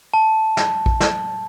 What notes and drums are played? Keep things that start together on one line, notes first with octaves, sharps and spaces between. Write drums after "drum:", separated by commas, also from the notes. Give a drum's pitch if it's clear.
A5
drum: snare
drum: kick A#1
drum: snare